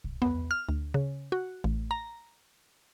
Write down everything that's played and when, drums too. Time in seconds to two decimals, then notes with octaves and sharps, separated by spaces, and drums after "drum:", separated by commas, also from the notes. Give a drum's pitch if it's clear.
0.04 drum: kick
0.22 B3, drum: tom E2
0.51 F6
0.69 D2
0.94 C#3
1.32 F#4
1.64 A1
1.91 A#5